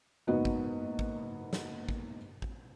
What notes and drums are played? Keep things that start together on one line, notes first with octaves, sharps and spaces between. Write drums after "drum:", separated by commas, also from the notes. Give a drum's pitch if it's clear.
F#1 G#2 B3 F#4 D#5
drum: kick
drum: kick
drum: snare
drum: kick
drum: kick